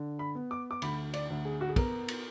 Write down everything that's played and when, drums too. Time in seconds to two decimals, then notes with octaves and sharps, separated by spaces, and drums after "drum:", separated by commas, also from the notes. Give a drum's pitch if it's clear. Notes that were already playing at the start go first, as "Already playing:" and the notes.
Already playing: D3
0.19 B5
0.35 B3
0.51 D6
0.71 D6
0.82 D2 B5, drum: cymbal
1.14 D5, drum: cymbal
1.30 D2
1.45 G#4
1.61 F#4
1.69 G#4
1.76 B3 A#4, drum: kick, cymbal
2.08 drum: cymbal